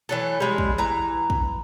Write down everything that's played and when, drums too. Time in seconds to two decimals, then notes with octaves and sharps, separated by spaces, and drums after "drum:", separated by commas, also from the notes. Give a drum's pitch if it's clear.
0.09 E3 F#3 A3
0.40 G3 G#3
0.58 drum: kick
0.78 E3 A#5
1.30 drum: kick